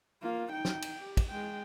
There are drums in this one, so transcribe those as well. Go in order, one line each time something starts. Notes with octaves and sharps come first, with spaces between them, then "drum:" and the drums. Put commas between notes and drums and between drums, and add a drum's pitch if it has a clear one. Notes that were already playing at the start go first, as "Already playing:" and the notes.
A#3 F4
D#4 G5
drum: snare
drum: cymbal
G4
drum: kick, cymbal
G#3 G5